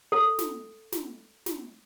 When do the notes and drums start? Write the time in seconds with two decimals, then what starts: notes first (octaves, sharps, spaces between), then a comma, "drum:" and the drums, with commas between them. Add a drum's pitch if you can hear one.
0.12 A4
0.39 drum: snare
0.92 drum: snare
1.46 drum: snare